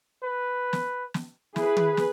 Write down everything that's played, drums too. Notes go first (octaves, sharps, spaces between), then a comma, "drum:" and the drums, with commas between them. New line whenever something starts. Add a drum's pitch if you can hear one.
B4
drum: snare
drum: snare
E4 G#4 B4, drum: snare
drum: tom
drum: snare